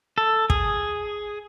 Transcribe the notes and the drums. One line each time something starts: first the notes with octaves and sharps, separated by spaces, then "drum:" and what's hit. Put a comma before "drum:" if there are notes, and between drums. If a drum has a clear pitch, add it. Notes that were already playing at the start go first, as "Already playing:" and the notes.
A4
G#4, drum: kick